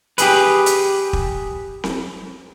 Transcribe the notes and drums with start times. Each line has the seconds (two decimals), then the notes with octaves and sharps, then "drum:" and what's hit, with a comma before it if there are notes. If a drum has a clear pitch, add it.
0.18 G4 G#4 B4, drum: hi-hat
0.66 drum: hi-hat
1.13 drum: kick
1.84 drum: snare C4